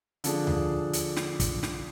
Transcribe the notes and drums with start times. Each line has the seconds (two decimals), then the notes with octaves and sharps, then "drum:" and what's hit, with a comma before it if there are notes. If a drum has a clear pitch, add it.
0.24 D3 F3 D4 G#4, drum: hi-hat
0.47 drum: tom D2
0.93 drum: hi-hat
1.16 drum: snare
1.40 drum: kick, hi-hat
1.63 drum: snare